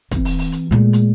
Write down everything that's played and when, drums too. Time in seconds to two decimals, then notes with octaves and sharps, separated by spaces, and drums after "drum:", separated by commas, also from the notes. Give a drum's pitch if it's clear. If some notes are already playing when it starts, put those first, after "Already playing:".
0.11 E3 C4, drum: kick, hi-hat
0.25 drum: open hi-hat
0.39 drum: open hi-hat
0.52 drum: hi-hat
0.71 A#2 G#3 A3
0.93 drum: hi-hat